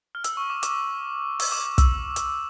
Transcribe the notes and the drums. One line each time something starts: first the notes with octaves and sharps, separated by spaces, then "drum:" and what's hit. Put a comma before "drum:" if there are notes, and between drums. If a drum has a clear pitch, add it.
F6
E6, drum: hi-hat
C#6
D6
D6, drum: hi-hat
E6, drum: open hi-hat
D6
D6
E6, drum: kick, hi-hat
drum: hi-hat